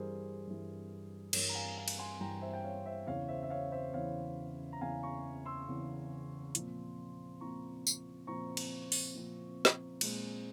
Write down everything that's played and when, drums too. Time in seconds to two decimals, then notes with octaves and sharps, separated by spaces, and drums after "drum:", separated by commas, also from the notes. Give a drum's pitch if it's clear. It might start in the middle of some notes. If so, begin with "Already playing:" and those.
Already playing: G2 E3 G3 G#4 A#4 C5
0.47 G2 E3 G3
1.33 G2 E3 G3 A#4 C#5, drum: cymbal
1.49 A#5
1.55 F5 G#5
1.78 F5 G#5
1.88 drum: cymbal
1.99 G#5 C6
2.20 G2 E3 G3 G5 A#5
2.42 C5 E5
2.54 G5
2.63 C#5 F5
2.86 C5 E5
3.07 E2 C#3 E3 C#5 F5
3.28 C5 E5
3.43 E5
3.50 C#5 F5
3.72 C5 E5
3.93 E2 C#3 E3 C#5 F5
4.73 A#5
4.81 E2 C#3 E3 F5 G#5
5.03 A#5 C#6
5.45 C6 E6
5.68 E2 C#3 E3
6.55 A#2 F3 C4, drum: hi-hat
7.41 A#2 F3 C4 A#5 C#6
7.87 drum: tambourine
8.27 A#2 F3 C4 A#5 C#6
8.57 drum: cymbal
8.92 drum: open hi-hat
9.15 A#2 F3 C4
9.65 drum: snare
10.01 A#2 G#3 C4, drum: cymbal